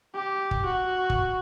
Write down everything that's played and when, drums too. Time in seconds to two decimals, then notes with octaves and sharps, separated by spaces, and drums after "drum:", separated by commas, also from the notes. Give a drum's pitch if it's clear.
0.15 G4
0.51 drum: kick
0.66 F#4
1.10 drum: kick